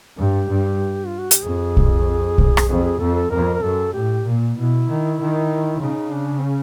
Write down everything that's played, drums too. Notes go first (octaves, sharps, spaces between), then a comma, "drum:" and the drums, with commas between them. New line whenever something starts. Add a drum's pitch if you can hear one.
G2 G4
G2
F4
F#4
G4, drum: hi-hat
F2 G#4
drum: kick
drum: kick
drum: rim click
F2 G#4
G#4
F2 A4
A4
F2 A#4
A#4
F#2 A4
A2 G4
A#2
B2 E4
D#3
D#3
C#3 D#4
D4
C4
C#4